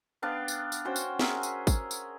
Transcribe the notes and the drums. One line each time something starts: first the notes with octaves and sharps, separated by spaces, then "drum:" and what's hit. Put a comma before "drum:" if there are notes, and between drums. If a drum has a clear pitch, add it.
B3 D4 F5 G5
drum: tambourine
drum: tambourine
C#4 F#4 C5 G5
drum: tambourine
G#4 A#4 E5, drum: snare
drum: tambourine
drum: kick, tambourine
drum: tambourine